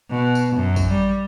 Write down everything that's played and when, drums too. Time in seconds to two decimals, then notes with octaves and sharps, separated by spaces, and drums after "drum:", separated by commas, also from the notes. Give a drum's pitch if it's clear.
0.10 B2
0.35 drum: tambourine
0.56 F#2
0.76 drum: kick, tambourine
0.90 G3